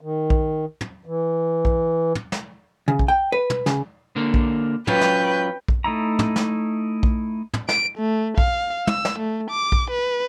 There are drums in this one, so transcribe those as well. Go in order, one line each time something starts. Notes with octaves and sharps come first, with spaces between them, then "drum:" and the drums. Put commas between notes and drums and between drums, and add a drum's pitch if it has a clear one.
D#3
drum: kick A#1
drum: tom
E3
drum: kick A#1
drum: tom
drum: snare
C#3
drum: kick A#1
G5
B4
drum: tom
C#3, drum: snare
D3 A#3
drum: kick A#1
F#3 C#4 F4 B4 G5, drum: tom
drum: snare
drum: kick A#1
A3 D#4 E4 A#5
drum: tom
drum: snare
drum: kick A#1
drum: tom
D7, drum: snare
A3
F5, drum: kick A#1
E6, drum: tom
drum: snare
A3
D6
drum: kick A#1
B4